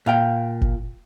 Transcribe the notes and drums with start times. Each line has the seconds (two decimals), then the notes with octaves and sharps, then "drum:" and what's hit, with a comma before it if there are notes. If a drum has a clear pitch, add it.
0.06 A#2 F5 G5
0.61 drum: kick F#1